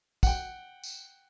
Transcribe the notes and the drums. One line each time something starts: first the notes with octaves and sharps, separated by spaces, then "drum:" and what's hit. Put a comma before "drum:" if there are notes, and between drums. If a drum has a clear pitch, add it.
F#5 G5, drum: kick, tambourine
drum: tambourine